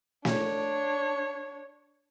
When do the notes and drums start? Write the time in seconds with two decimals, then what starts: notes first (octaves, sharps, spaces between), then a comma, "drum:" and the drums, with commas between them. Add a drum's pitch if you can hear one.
0.25 D4 C#5, drum: snare